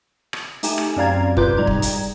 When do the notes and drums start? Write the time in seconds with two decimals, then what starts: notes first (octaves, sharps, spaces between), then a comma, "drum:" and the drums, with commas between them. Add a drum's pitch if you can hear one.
0.33 drum: rim click
0.63 A3 D#4 G4 G#5 E7, drum: hi-hat
0.78 drum: rim click
0.96 F#2 C4 D5 F5 A#5 G#6
1.37 C3 F4 B4 D6 G6, drum: kick
1.57 G#2 G3 D#4 A#5 G#6
1.67 drum: kick
1.82 drum: hi-hat